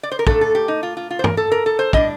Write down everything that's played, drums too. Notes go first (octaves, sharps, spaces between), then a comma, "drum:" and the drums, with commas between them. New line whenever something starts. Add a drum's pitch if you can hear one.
D5
C5
A#4
A#2 A3 D4 A4, drum: kick
A4
G4
D#4
F4
F4
F4
C5
A#4, drum: tom
A4
A#4
A4
C5
A2 G3 D4 D#5, drum: kick